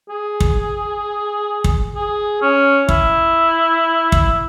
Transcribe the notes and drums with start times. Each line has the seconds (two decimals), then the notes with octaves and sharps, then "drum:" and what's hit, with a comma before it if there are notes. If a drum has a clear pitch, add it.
0.09 G#4
0.40 drum: kick
1.64 drum: kick
1.96 G#4
2.42 C#4
2.89 E4, drum: kick
4.12 drum: kick